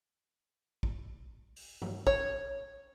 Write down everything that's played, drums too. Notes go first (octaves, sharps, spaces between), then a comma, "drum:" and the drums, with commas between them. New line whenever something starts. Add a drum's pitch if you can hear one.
drum: kick
drum: open hi-hat
drum: tom
C#5, drum: kick